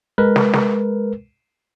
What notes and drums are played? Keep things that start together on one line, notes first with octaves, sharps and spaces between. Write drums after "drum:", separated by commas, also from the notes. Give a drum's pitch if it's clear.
G#3 A#4 B4
drum: snare
drum: snare